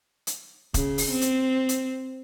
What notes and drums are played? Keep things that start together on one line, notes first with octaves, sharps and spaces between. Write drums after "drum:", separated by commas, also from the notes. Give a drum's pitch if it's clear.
drum: hi-hat
C#3, drum: kick E1, hi-hat
drum: open hi-hat
C4
drum: hi-hat
drum: hi-hat